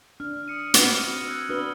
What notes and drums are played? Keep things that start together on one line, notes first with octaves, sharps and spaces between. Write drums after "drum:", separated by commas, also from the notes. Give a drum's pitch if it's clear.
D4 F6
D#6 C#7 D#7
C4 F#4 B4 A#6 C#7 F#7, drum: hi-hat
F6 D#7
E6 F#6 G#6
D4 F#4 B4 D#6 F6 G7